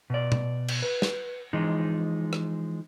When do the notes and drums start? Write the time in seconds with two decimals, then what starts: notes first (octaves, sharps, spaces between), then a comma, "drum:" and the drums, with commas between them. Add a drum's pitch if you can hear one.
0.10 B2 D5
0.32 drum: tom A#2
0.68 drum: cymbal
0.82 B4
1.02 drum: snare
1.53 E3 F3 G#3 D#4
2.33 drum: rim click